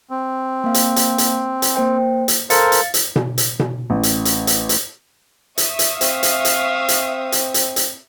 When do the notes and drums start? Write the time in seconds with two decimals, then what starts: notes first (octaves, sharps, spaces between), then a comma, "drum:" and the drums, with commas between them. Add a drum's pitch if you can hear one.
0.10 C4
0.64 A#3 F5
0.74 drum: hi-hat
0.96 drum: hi-hat
1.18 drum: hi-hat
1.62 drum: hi-hat
1.75 A#3 C5 G5
2.28 drum: hi-hat
2.50 A4 A#4 C5 F5 A6 C#7, drum: hi-hat
2.72 drum: hi-hat
2.94 drum: hi-hat
3.16 drum: tom B2
3.38 drum: hi-hat
3.60 drum: tom B2
3.90 A1
4.03 drum: hi-hat
4.25 drum: hi-hat
4.47 drum: hi-hat
4.69 drum: hi-hat
5.58 E5 C#6 D#6, drum: hi-hat
5.79 drum: hi-hat
6.01 C4 F5, drum: hi-hat
6.23 drum: hi-hat
6.45 drum: hi-hat
6.88 drum: hi-hat
7.32 drum: hi-hat
7.54 drum: hi-hat
7.76 drum: hi-hat